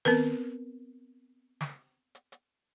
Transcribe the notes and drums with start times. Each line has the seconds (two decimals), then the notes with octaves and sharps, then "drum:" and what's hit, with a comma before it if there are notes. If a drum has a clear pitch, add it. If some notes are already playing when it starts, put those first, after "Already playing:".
0.05 B3 C4 A#4 B4, drum: tom D#3
1.61 drum: snare
2.15 drum: hi-hat
2.32 drum: hi-hat